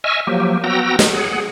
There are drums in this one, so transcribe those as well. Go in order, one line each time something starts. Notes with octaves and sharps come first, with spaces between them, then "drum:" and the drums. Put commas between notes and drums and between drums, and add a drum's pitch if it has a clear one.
D#5 E5 G#5 C#6 E6 F6
F3 F#3 A#3 G4
B3 F#4 G5 A#5 E6 A#6
drum: snare
G#4 F#5